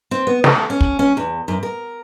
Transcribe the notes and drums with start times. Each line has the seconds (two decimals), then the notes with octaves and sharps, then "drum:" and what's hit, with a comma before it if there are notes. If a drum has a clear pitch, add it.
0.11 C4
0.27 B3
0.44 A4, drum: snare
0.70 C#4
0.81 drum: kick
0.99 C#4
1.17 E2
1.48 F#2
1.63 A#4